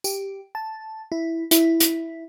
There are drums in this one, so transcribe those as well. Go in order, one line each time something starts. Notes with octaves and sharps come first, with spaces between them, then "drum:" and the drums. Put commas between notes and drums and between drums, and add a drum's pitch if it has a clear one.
G4, drum: tambourine
A5
E4
E4, drum: hi-hat
drum: hi-hat